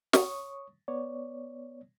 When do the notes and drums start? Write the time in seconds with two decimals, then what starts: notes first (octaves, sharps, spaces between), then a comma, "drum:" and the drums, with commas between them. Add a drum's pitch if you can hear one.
0.13 C#5 C#6 D#6, drum: snare
0.88 B3 C#5 D5